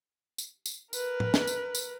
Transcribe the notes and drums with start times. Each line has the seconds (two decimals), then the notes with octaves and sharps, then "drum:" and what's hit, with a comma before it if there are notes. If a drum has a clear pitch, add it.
0.38 drum: tambourine
0.66 drum: tambourine
0.93 A#4 B4, drum: tambourine
1.20 drum: tom
1.34 drum: snare
1.47 drum: tambourine
1.75 drum: tambourine